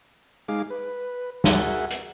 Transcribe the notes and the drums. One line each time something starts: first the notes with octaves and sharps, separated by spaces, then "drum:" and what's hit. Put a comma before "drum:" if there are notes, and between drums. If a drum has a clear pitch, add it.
G#3 D#4 G#4 F5 D6
B4
F#4 G#4 A#4 E5 F#5, drum: snare
drum: hi-hat